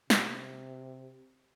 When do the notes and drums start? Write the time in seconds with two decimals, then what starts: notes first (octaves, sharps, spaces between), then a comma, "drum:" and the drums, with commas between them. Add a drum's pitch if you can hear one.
0.10 C3, drum: snare